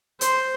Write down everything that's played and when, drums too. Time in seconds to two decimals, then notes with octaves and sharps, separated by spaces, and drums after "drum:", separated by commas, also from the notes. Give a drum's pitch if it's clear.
0.21 C5, drum: hi-hat